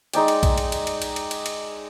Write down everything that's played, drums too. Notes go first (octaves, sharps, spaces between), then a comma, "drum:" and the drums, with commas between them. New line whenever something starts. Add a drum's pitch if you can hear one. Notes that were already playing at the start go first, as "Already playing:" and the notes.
G#3 D#4 D5 G5, drum: cymbal
drum: cymbal
drum: kick, cymbal
drum: cymbal
drum: cymbal
drum: cymbal
drum: cymbal
drum: cymbal
drum: cymbal
drum: cymbal